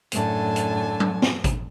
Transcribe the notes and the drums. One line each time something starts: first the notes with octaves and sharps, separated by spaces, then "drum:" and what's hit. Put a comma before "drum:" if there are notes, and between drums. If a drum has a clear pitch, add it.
F#2 A2 D3 G#5 A5, drum: hi-hat
drum: hi-hat
drum: tom F#3
drum: snare
drum: kick G#1, hi-hat